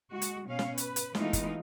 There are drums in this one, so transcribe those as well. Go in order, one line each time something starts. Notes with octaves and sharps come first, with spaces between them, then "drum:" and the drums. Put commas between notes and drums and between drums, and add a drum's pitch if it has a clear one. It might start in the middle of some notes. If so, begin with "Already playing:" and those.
G#3 F#4
drum: hi-hat
B2 C#4 F5
drum: snare
B4, drum: hi-hat
drum: hi-hat
E3 G#3 A3 B3 D#4 F4, drum: snare
drum: kick F#1, hi-hat